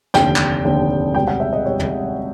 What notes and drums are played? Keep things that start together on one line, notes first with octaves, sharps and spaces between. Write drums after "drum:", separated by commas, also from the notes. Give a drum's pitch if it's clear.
F1 D#2 D3 G5, drum: snare
drum: clap
F1 D#2 D3
C#2 B2 G3 G5
F#5
E5
D#5
B2 G3 C#5
drum: tom